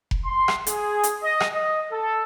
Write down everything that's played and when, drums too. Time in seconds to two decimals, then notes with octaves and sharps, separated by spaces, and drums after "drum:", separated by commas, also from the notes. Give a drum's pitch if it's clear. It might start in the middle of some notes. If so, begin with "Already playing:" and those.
0.11 drum: kick F1
0.25 C6
0.48 drum: rim click
0.67 G#4, drum: hi-hat
1.03 drum: hi-hat
1.22 D#5
1.40 drum: rim click
1.52 D#5
1.91 A4